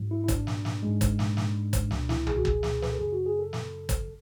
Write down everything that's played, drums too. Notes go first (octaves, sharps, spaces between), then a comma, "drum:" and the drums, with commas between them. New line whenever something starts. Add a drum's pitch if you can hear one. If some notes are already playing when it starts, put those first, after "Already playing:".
Already playing: G#2 F#3
E4
E4
D4, drum: kick, hi-hat
drum: snare
drum: snare
G#2 G#3
drum: kick, hi-hat
drum: snare
drum: snare
drum: kick, hi-hat
C#2 B2 F#3 D4, drum: snare
E4, drum: snare
G#4, drum: tom
F#4
G#4, drum: kick
drum: snare
B4, drum: snare
A4
F#2 C#3 F#3 G#4
F#4
G#4
A4
drum: snare
drum: kick, hi-hat